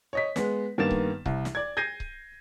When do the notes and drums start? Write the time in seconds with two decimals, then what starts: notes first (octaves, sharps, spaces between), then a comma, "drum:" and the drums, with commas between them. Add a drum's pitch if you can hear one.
0.13 C#5 D#5 B6
0.36 G#3 B3, drum: snare
0.78 G2 D#3 A#3 B3 A6 E7
0.91 drum: kick C#1
1.26 C2, drum: kick C#1
1.45 drum: snare
1.55 D5 G#6
1.77 G6 G#6 A#6 C7 D#7
2.00 drum: kick C#1